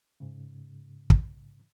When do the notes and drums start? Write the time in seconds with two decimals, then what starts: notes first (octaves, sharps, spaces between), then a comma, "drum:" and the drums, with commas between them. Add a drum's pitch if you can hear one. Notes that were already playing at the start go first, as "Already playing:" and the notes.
0.20 G#2 C#3
1.10 drum: kick